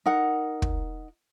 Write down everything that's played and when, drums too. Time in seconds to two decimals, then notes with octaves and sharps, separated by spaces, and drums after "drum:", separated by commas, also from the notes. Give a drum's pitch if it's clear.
0.06 D#4 A#4 F#5
0.62 drum: kick